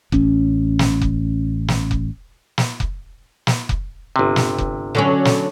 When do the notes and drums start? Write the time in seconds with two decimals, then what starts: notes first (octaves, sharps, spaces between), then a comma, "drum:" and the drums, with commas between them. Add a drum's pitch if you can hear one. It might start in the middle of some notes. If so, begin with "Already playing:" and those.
0.12 A1 C#4, drum: kick F1
0.79 drum: snare
1.01 drum: kick F1
1.68 drum: snare
1.91 drum: kick F1
2.58 drum: snare
2.80 drum: kick F1
3.47 drum: snare
3.69 drum: kick F1
4.16 G1 C3
4.36 drum: snare
4.58 drum: kick F1
4.95 D3 F#3 C#4
5.25 drum: snare